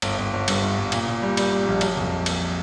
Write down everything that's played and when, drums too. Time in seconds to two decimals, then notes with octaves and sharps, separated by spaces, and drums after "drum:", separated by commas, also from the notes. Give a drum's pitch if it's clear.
0.02 G1, drum: cymbal
0.18 G1
0.33 G1
0.48 G2, drum: cymbal
0.63 G1
0.78 G1
0.92 A#2, drum: cymbal
1.07 A#2
1.22 G3
1.37 G3, drum: cymbal
1.52 G3
1.67 A#1
1.81 F#3, drum: cymbal
1.96 F2
2.26 drum: cymbal